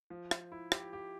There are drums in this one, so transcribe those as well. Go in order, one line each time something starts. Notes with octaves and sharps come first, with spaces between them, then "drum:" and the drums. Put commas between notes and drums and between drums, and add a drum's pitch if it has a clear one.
F3
F3, drum: rim click
E4
G4, drum: rim click
G4